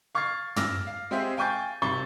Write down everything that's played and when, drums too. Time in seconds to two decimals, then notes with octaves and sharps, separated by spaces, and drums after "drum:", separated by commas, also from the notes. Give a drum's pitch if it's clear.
0.15 F5 C#6 F6 G#6 A6 C7
0.56 D6 E6 F6 A#6, drum: tom
0.87 F5
1.11 G#3 C4 G4 G#4 E5 F5
1.37 F5 G5 G#5 C#6 G6 A6
1.82 G#1 C3 B5 C#6 A6 G7